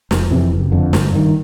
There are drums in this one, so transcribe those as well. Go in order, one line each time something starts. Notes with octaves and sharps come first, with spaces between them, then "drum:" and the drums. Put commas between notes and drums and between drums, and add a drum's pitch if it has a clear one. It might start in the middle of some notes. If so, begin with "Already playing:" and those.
F1, drum: snare
F2 C3 E3
F#1
F2 D3
G1, drum: snare
G2 D#3